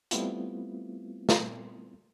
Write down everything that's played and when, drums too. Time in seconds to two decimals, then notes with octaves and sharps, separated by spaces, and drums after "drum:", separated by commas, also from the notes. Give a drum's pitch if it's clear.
0.11 G3 A3 B3 C4 E4 F4, drum: hi-hat
1.29 drum: snare